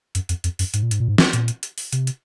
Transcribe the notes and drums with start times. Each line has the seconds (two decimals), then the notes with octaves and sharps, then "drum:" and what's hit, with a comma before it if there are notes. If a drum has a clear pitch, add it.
0.15 F#2, drum: hi-hat
0.29 F2, drum: hi-hat
0.44 F2, drum: hi-hat
0.59 F#2, drum: open hi-hat
0.74 G#2, drum: hi-hat
0.83 A#2
0.91 G#2, drum: hi-hat
1.00 A#2
1.08 G#2
1.18 drum: snare
1.33 A#2, drum: hi-hat
1.48 drum: hi-hat
1.63 drum: hi-hat
1.78 drum: open hi-hat
1.92 C3, drum: hi-hat
2.07 drum: hi-hat